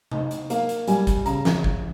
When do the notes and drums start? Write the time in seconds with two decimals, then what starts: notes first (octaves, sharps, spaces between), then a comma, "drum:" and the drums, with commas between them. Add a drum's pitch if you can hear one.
0.11 D#4, drum: tom C3
0.31 drum: hi-hat
0.50 A#3 F5, drum: hi-hat
0.69 drum: hi-hat
0.87 G3 G#5, drum: hi-hat
1.07 drum: kick G#1, hi-hat
1.26 C#3 A#5, drum: hi-hat
1.45 drum: snare
1.64 drum: kick G#1